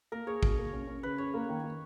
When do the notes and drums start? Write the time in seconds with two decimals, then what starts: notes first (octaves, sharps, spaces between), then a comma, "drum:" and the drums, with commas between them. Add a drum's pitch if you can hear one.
0.12 A#3 A#4
0.27 G#4 C#5
0.43 B2, drum: kick A1
0.58 A#3
0.73 C#4
0.87 C#4
1.03 C#3 B4
1.18 C#4 C#5
1.34 A#3
1.49 D#3
1.64 D#3